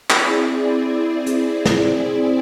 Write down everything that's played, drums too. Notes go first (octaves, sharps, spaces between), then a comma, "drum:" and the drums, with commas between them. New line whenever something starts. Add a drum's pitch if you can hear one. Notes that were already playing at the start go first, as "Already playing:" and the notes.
C4 E4 G#4 D5, drum: clap
drum: hi-hat
drum: snare